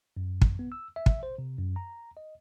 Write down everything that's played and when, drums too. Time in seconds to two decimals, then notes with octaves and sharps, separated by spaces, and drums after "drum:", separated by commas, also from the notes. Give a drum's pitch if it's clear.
0.17 F#2
0.42 drum: kick
0.59 B3
0.72 E6
0.96 E5
1.06 drum: kick
1.23 C5
1.38 C3
1.59 F#2
1.76 A#5
2.17 D#5